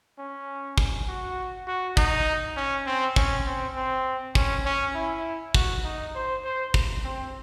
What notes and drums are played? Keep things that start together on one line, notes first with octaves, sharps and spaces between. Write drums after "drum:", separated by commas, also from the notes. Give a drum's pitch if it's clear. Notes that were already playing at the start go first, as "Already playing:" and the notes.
C#4
drum: kick
F#4
F#4
D#4, drum: kick
C#4
C4
C#4, drum: kick
C4
C4
C#4, drum: kick
C#4
E4
F#4, drum: kick
D#4
C5
C5
drum: kick
C4